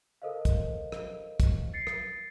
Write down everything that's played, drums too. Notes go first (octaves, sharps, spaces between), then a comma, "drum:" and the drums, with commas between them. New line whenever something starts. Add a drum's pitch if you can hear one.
A4 A#4 C5 D#5 F5
drum: kick, hi-hat
drum: rim click
drum: kick, hi-hat
A6 C7 C#7
drum: rim click